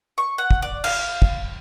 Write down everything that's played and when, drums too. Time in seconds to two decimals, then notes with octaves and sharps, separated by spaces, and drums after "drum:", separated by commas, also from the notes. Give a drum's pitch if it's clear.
0.18 C#6
0.38 F#5
0.51 drum: kick
0.62 D5
0.84 F5, drum: cymbal
1.22 drum: kick